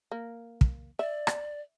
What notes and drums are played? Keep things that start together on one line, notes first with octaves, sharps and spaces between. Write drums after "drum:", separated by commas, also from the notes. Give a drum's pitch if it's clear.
A#3
drum: kick
D5 E5
drum: rim click